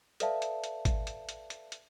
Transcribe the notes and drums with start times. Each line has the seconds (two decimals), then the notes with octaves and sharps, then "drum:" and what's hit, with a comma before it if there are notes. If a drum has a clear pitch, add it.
0.20 A4 B4 D5 E5 F5 A5, drum: hi-hat
0.42 drum: hi-hat
0.64 drum: hi-hat
0.85 drum: kick G#1, hi-hat
1.07 drum: hi-hat
1.29 drum: hi-hat
1.50 drum: hi-hat
1.72 drum: hi-hat